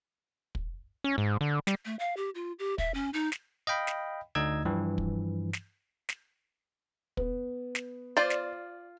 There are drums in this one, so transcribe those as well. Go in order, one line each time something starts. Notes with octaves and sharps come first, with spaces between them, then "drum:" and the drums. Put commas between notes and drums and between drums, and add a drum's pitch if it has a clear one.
drum: kick
C#4
G#2
D3
G3, drum: snare
A3
F5
G4
F4
G4
E5, drum: kick
C#4
D#4
drum: snare
D#5 F5 G5 B5
drum: snare
D2 D#4 D#5 E6 G#6
G2 E3 F3
drum: kick
drum: snare
drum: snare
B3, drum: kick
drum: snare
F4 C5 D5
drum: snare